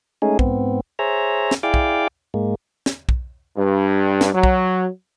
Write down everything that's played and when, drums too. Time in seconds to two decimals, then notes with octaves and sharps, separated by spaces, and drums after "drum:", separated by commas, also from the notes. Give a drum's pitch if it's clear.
0.22 G#3 A3 C#4 D#4 G#4
0.39 G#2 B3 C4, drum: kick
0.99 G#4 C5 C#5 E5 A#5
1.51 drum: snare
1.63 E4 G#4 D5 F5 G5 D6
1.74 drum: kick
2.34 G#2 G#3 A#3
2.86 drum: snare
3.09 drum: kick
3.57 G2
4.21 drum: snare
4.33 F#3
4.43 drum: kick